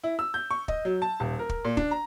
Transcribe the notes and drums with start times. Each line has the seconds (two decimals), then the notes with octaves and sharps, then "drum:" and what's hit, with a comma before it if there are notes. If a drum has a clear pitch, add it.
0.04 E4
0.19 E6
0.34 G6
0.51 C#6
0.68 D#5, drum: kick
0.85 F#3
1.02 A5
1.20 D#1
1.39 A#4
1.49 drum: kick
1.65 A#2
1.77 D4, drum: kick
1.91 A#5